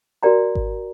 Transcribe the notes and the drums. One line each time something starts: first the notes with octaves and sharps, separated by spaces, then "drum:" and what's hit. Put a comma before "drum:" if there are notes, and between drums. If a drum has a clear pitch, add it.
F#4 A#4 D5 G5 A#5
drum: kick G#1